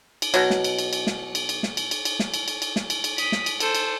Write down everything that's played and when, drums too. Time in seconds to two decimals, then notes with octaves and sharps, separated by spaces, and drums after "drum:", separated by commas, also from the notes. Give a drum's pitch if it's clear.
0.22 drum: cymbal
0.34 B2 F#3, drum: cymbal
0.50 drum: snare
0.64 drum: cymbal
0.79 drum: cymbal
0.93 drum: cymbal
1.07 drum: snare
1.35 drum: cymbal
1.49 drum: cymbal
1.63 drum: snare
1.77 drum: cymbal
1.91 drum: cymbal
2.05 drum: cymbal
2.19 drum: snare
2.34 drum: cymbal
2.48 drum: cymbal
2.62 drum: cymbal
2.76 drum: snare
2.90 drum: cymbal
3.04 drum: cymbal
3.18 D#6 B6, drum: cymbal
3.32 drum: snare
3.46 drum: cymbal
3.60 A4 C5, drum: cymbal
3.75 drum: cymbal